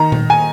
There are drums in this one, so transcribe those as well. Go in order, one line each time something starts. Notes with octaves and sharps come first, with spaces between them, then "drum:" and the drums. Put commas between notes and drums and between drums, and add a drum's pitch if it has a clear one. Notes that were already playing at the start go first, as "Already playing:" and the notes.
Already playing: D#3 A#5
drum: tom A#2
G#5